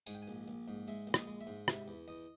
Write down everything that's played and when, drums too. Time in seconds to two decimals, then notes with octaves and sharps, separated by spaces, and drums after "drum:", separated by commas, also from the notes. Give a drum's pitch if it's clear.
0.07 G#2 G#5, drum: tambourine
0.15 G5
0.22 G#5
0.28 A#1
0.48 A#1
0.68 G#2
0.88 G#3 E5
1.07 A#1
1.14 D#5, drum: rim click
1.27 G#3
1.41 E5
1.47 G#2
1.68 C3 E5, drum: rim click
1.88 E2
2.08 E2 D#5